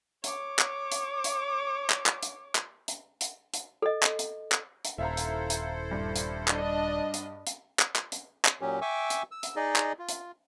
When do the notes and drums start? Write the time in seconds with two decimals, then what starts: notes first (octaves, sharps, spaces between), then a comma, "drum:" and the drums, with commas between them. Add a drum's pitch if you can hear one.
0.24 C#5 D6, drum: hi-hat
0.59 drum: clap
0.92 drum: hi-hat
1.24 drum: hi-hat
1.90 drum: clap
2.06 drum: clap
2.23 drum: hi-hat
2.55 drum: clap
2.88 drum: hi-hat
3.21 drum: hi-hat
3.54 drum: hi-hat
3.82 A4 D#5
4.03 drum: clap
4.19 drum: hi-hat
4.52 drum: clap
4.85 drum: hi-hat
4.98 D#1 E4 A4 C5 E5 F5 A#5
5.17 drum: hi-hat
5.50 drum: hi-hat
5.91 G2
6.16 drum: hi-hat
6.48 D4 D#5, drum: clap
7.14 drum: hi-hat
7.47 drum: hi-hat
7.79 drum: clap
7.96 drum: clap
8.12 drum: hi-hat
8.45 drum: clap
8.61 A#2 F#3 C#4 G4
8.81 E5 G5 G#5 C#6 D6 E6
9.10 drum: hi-hat
9.31 E6
9.43 drum: hi-hat
9.56 D#4 G#4 D5 D#5
9.76 drum: clap
9.99 F4
10.09 drum: hi-hat